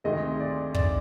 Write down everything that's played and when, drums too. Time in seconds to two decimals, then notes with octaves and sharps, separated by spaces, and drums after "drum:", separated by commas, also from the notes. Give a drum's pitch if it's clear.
0.04 D2 C3 D#3 G#3 D#5
0.40 D5
0.74 D5, drum: kick